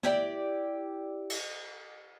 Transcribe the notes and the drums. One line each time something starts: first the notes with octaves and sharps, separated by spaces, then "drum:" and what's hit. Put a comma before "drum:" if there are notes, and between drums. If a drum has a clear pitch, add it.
E4 G4 D5, drum: snare
drum: cymbal